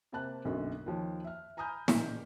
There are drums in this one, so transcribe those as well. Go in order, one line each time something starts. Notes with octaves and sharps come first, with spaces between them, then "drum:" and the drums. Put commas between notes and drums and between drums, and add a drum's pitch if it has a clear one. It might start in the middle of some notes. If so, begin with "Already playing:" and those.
C3 A#3 C5 A5 F#6
B1 F#2 D3 A#3
D#2 F3 C#5
E5 F6
G#5 A#5 B5 D#6 F6 G6
A1 A#2 C#3 B6, drum: snare